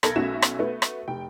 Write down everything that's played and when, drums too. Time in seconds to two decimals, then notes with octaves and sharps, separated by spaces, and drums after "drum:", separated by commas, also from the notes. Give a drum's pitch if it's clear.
0.03 B1 A4 A#4 B5 G#6 A#6, drum: rim click
0.16 B1 A3 C#4 F#4 E5 E7
0.42 drum: rim click
0.59 A3 B3 F#4 B4
0.82 drum: rim click
1.08 F1 G5